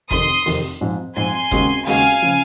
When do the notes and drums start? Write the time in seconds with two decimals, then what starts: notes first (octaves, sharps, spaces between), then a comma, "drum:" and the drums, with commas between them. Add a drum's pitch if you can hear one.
0.11 F1 F2 D#3 C6 D#6, drum: kick F#1, hi-hat
0.46 F1 F2 D#3, drum: open hi-hat
0.81 G#2 F3 C4
1.16 G#2 F3 C4 G#5 C6
1.51 D#2 C#3 G#3 C4 F#4, drum: kick F#1, hi-hat
1.86 D#2 C#3 G#3 C4 F#4 F5 G#5, drum: open hi-hat
2.22 C#3 F3